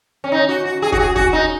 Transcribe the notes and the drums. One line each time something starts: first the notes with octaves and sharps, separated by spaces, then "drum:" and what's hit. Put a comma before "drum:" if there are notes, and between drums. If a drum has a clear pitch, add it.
C#4
D#4
F#4
F#4
G#4
F#4, drum: kick
G#4
F#4, drum: kick
D#4